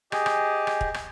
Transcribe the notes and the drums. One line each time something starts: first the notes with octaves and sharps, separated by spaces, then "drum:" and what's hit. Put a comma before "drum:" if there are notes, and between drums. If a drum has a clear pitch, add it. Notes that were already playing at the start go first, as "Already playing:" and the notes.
G4 G#4 D#5, drum: rim click
drum: rim click
drum: rim click
drum: kick
drum: rim click